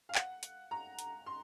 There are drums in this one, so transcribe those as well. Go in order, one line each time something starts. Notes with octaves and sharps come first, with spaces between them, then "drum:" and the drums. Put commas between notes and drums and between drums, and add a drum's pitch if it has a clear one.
F5
F#5, drum: clap
drum: hi-hat
A#5
drum: hi-hat
C6